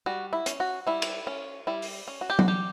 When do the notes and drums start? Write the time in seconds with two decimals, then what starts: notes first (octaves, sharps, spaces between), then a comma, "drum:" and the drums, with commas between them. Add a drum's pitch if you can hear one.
0.06 G3 F#4
0.33 E4
0.46 C#4, drum: hi-hat
0.60 F#4
0.87 G3 E4
1.02 drum: cymbal
1.27 C#4
1.67 G3 E4
1.82 drum: open hi-hat
2.08 C#4
2.21 F#4
2.30 G4
2.39 F#4, drum: tom F#3
2.48 G3 G4